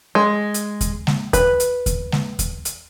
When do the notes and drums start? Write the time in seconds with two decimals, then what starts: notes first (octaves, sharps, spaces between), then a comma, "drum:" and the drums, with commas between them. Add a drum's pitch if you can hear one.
0.15 G#3
0.54 drum: hi-hat
0.81 drum: kick D#2, hi-hat
1.07 drum: snare G#3
1.33 B4, drum: kick D#2, hi-hat
1.60 drum: hi-hat
1.86 drum: kick D#2, hi-hat
2.12 drum: snare G#3
2.39 drum: kick D#2, hi-hat
2.65 drum: hi-hat